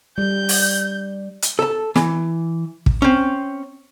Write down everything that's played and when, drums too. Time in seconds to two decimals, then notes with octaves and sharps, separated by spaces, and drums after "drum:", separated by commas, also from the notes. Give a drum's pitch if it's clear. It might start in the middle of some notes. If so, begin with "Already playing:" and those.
0.18 G3 G6
0.49 drum: open hi-hat
1.42 drum: hi-hat
1.59 A4 A5
1.96 E3, drum: snare
2.86 drum: kick
3.02 C4 C#4